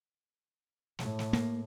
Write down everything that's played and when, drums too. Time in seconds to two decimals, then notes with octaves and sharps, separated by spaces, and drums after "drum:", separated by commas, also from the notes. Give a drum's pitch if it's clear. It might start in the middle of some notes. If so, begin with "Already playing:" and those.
0.99 A2, drum: snare
1.19 drum: snare
1.33 A#3, drum: snare